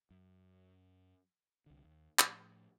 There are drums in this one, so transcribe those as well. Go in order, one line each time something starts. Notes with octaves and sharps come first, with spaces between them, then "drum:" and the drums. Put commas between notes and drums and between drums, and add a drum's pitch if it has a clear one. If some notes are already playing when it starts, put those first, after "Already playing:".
F#2
C2 D3
D#2
A2 F3, drum: clap